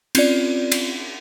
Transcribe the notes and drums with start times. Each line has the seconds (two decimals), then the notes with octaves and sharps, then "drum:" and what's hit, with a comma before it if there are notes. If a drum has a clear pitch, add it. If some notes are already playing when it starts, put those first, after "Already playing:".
0.15 C4 C#4 F4 D5, drum: cymbal
0.72 drum: cymbal